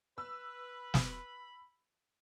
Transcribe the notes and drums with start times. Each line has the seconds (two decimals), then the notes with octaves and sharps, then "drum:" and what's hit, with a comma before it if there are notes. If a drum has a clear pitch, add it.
0.18 B4 B5 E6
0.94 drum: snare